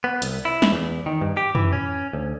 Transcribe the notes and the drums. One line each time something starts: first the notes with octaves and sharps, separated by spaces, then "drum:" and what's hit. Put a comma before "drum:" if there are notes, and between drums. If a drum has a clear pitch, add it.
B3
C2, drum: hi-hat
E4
drum: snare
E2
D#3
G2
G4
E3, drum: tom
C#4
D2